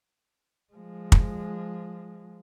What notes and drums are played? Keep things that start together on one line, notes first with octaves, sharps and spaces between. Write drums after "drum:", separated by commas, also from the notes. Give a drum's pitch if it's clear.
F3 G#3
drum: kick